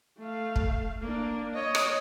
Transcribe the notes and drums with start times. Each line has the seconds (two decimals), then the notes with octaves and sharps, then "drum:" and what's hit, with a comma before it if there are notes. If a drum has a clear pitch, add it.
0.19 A3 F5
0.56 drum: kick
1.02 A#3 D4
1.54 C#5 D#5
1.75 drum: rim click